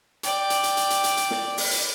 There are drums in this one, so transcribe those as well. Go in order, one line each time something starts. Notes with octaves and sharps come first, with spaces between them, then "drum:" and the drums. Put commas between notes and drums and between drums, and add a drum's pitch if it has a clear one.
D5 G5, drum: hi-hat
drum: hi-hat
drum: hi-hat
drum: hi-hat
drum: hi-hat
drum: hi-hat
drum: hi-hat
drum: snare
drum: open hi-hat
drum: hi-hat